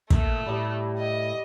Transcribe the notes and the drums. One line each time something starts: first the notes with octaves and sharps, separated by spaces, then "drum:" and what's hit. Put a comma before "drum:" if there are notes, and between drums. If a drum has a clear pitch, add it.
A#2 A3, drum: kick
A2 G3 B5 D#6
D#5